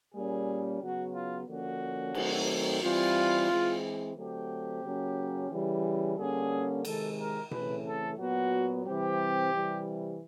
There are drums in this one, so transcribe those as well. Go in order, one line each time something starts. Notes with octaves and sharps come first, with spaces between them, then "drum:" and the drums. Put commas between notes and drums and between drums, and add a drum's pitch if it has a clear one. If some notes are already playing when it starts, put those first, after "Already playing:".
A#2 G3 A#3 C#4 G#4
C#3 F#3 B3 F#4
F4
D3 F3 A#3 C#4 F#4
D#3 F#3 A3 C4, drum: cymbal
E3 G3 C4 F4
E3 G#3 C4
D3 F#3 A3 C4 G4
C#3 F#3 A#3 C#4
C#3 E3 G3
D3 G3 A#3 C#4 G#4
C3 D#3 G#3 A4, drum: cymbal
A#4
C#3 E3 A3 C4 B4, drum: tom B2
A4
A#2 F#3 B3 F#4
C3 E3 G3 C4 G4
C3 E3 G3